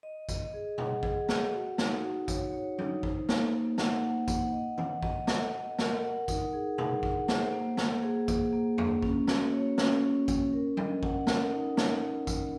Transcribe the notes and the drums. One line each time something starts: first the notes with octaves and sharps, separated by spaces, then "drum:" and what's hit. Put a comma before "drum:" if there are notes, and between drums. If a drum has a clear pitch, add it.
D#5
D#5, drum: kick A1, tambourine
G#4
F#5, drum: tom B2
G#4, drum: kick A1
F#5, drum: snare
F#4
D#4, drum: snare
F#4
C#5, drum: kick A1, tambourine
C#5
D#4, drum: tom F#3
C5, drum: kick A1
A#3, drum: snare
A#3
F#5, drum: snare
F#5
F#5, drum: kick A1, tambourine
D#5
F#5, drum: tom
D#5, drum: kick A1
F#5, drum: snare
D#5
A#4, drum: snare
F#5
D#4, drum: kick A1, tambourine
G#4
F#5, drum: tom B2
F#5, drum: kick A1
C5, drum: snare
A#3
A#3, drum: snare
G#4
A#3, drum: kick A1, tambourine
A#3
A#3, drum: tom
C#4, drum: kick A1
F#4, drum: snare
C#5
C#4, drum: snare
C#4
C#4, drum: kick A1, tambourine
A#4
D#5, drum: tom F#3
F#5, drum: kick A1
A#4, drum: snare
D#4
drum: snare
drum: kick A1, tambourine